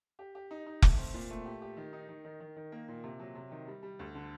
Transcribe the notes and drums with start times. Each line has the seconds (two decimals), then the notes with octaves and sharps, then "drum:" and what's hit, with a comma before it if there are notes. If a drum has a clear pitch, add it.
0.19 G4
0.35 G4
0.51 D#4
0.66 D#4
0.82 A3, drum: kick F1
0.98 C4
1.14 A#2
1.30 A3
1.46 G4
1.62 G4
1.77 D#3
1.93 D#4
2.09 D#3
2.25 D#3
2.40 D#3
2.56 D#3
2.72 A#3
2.88 A#2
3.04 C3
3.19 F#3
3.35 C3
3.51 D#3
3.67 G3
3.83 G3
3.99 D2
4.15 D3